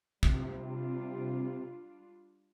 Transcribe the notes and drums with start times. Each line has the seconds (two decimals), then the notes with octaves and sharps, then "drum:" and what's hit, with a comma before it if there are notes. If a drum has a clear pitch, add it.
0.23 C3 G3 D4 F4, drum: kick